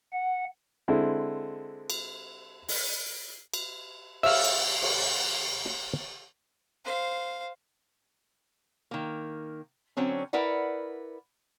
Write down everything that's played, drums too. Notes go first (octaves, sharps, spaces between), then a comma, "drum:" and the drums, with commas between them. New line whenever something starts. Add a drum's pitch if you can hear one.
F#5
D3 G#3 C4 E4
drum: cymbal
drum: open hi-hat
drum: cymbal
E5 F5, drum: cymbal
drum: cymbal
drum: cymbal
drum: snare
C5 F5
D#3 A#3
D3 F#3 C4 C#4
E4 A#4 B4 D5 F#5